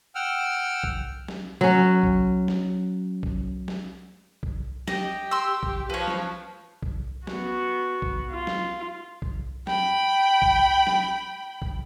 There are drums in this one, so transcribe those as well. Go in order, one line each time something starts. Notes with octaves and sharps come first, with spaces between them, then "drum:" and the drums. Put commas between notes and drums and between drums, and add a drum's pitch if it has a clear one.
F#5 G5 E6 F6
drum: kick B1
drum: snare
F#3 C#4
drum: kick B1
drum: snare
drum: kick B1
drum: snare
drum: kick B1
G4 D#5, drum: snare
C6 E6
drum: kick B1
F3 B4 C#5
drum: snare
drum: kick B1
B3 F#4, drum: snare
drum: kick B1
F4
drum: snare
drum: kick B1
G5 B5, drum: snare
drum: kick B1
drum: snare
drum: kick B1